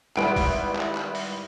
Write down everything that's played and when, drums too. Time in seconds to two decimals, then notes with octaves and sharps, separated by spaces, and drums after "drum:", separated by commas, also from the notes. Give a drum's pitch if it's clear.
0.17 G#1 G3 E4 B4 F#5 D7, drum: clap
0.36 drum: kick A#1, open hi-hat
0.76 drum: clap
0.95 drum: clap
1.15 drum: open hi-hat